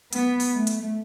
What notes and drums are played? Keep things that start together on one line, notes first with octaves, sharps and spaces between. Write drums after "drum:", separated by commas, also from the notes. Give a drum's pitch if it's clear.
B3, drum: hi-hat
drum: open hi-hat
A3
drum: hi-hat